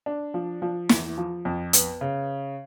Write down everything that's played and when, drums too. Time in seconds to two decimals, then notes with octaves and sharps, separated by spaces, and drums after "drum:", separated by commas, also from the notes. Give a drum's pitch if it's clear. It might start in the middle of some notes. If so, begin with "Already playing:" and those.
0.06 D4
0.34 F3
0.62 F3
0.89 E2, drum: snare
1.18 F3
1.45 F2
1.73 B3, drum: hi-hat
2.01 C#3